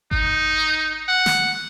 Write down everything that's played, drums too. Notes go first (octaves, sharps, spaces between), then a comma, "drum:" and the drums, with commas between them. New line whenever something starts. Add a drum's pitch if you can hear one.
D#4, drum: kick G#1
F#5
drum: snare